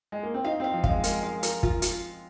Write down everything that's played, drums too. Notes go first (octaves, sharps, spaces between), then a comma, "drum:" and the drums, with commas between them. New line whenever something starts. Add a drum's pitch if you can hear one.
G#3
A#3
C4
D#4 F5
C4 F5
F3
F5, drum: kick
G#3
G#3 A#4, drum: hi-hat
F5
A#4, drum: hi-hat
F4, drum: kick
F4, drum: hi-hat